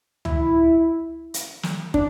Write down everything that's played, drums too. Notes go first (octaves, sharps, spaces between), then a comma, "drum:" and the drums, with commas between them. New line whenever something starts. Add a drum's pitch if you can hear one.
E4, drum: tom C#2
drum: hi-hat
drum: snare
D4, drum: kick